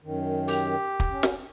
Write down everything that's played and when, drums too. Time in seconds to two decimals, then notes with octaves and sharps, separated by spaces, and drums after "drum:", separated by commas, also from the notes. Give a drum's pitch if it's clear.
0.04 F#2 D#3
0.48 G4, drum: open hi-hat
1.00 drum: kick
1.11 C#4
1.23 drum: snare